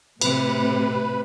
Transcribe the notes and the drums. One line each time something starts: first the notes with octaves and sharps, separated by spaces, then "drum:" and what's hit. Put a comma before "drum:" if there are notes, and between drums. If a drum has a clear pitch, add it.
A2 C3 B4 B5, drum: cymbal